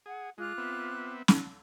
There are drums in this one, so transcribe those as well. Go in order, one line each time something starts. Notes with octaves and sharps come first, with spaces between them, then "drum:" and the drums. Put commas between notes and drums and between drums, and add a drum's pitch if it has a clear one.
G#4 F#5
G#3 F4 D6 F#6
B3 C4 E5
drum: snare